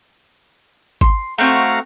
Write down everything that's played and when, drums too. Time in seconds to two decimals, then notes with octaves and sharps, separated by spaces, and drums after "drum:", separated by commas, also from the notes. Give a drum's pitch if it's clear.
1.01 C6, drum: kick G#1
1.38 A3 C4 F#4 F5 F#5 A#5